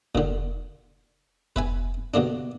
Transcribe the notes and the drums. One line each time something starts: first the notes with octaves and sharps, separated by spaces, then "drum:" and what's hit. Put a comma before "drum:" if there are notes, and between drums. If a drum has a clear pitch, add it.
A#2 D3, drum: kick F1
B4 E5 G#5, drum: kick F1
B2 D3 A#3 D4